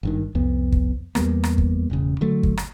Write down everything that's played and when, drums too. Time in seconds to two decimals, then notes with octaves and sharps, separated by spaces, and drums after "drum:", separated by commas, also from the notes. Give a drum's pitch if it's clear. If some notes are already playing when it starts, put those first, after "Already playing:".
0.03 G#1 G2 D#3
0.35 C2 F2 B3
0.72 drum: kick
1.15 E2 G3 A#3 B3, drum: rim click
1.44 drum: rim click
1.58 drum: kick
1.90 E1 A1 C#3
2.21 D3 F#3 A3
2.43 drum: kick
2.57 drum: rim click